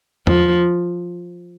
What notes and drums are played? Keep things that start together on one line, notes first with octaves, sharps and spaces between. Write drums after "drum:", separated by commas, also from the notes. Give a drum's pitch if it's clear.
F3, drum: tom E2